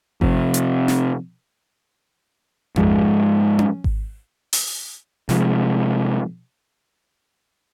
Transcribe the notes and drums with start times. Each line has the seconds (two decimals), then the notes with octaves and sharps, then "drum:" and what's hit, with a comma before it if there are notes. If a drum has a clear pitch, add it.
0.21 C3 F3 C4, drum: kick G#1
0.54 drum: hi-hat
0.88 drum: snare
2.76 G#2 F3 G#3, drum: tom F2
3.59 drum: tom C#4
3.84 drum: kick G#1
4.53 drum: open hi-hat
5.29 C3 F3 G#3, drum: snare